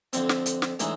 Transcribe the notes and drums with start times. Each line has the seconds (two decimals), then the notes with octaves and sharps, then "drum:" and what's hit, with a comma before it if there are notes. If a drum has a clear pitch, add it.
0.13 F2 D3 C4, drum: hi-hat
0.29 drum: snare
0.46 drum: hi-hat
0.62 drum: snare
0.79 A2 D3 E3 G#3 D#4, drum: hi-hat